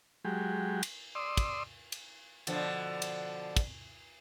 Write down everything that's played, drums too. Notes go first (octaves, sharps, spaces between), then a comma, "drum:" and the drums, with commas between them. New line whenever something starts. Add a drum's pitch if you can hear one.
F#3 G#3 G4
drum: cymbal
D5 C6 D#6 E6
drum: kick, cymbal
drum: cymbal
B2 D3 F3, drum: cymbal
drum: cymbal
drum: kick, cymbal